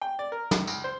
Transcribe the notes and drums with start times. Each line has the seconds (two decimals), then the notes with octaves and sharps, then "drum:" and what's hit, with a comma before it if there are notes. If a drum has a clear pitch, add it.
0.02 G5
0.19 D5
0.32 A#4
0.51 D#3, drum: snare
0.67 C#2, drum: tambourine
0.84 C5